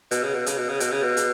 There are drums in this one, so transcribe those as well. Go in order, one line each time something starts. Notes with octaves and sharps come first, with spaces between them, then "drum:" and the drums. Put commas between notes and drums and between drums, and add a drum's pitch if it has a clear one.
B2, drum: hi-hat
C#3
B2
C#3, drum: hi-hat
B2
C#3
B2, drum: hi-hat
C#3
B2
drum: hi-hat